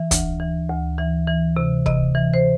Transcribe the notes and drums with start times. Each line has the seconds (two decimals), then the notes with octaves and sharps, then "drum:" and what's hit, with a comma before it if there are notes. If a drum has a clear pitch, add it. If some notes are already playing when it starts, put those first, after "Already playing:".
Already playing: E3 E5
0.11 D2, drum: kick, hi-hat
0.40 E3
0.69 D2
0.98 E3 E5
1.28 E3
1.57 C3
1.86 C3 D#5, drum: kick
2.15 E3
2.34 C5